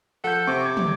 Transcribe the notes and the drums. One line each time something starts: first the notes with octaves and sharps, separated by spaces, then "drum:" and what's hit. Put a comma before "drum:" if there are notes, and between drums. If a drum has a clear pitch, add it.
F3 A4 F#5 G6
C3 C4 C#6 D6
G#6
drum: tom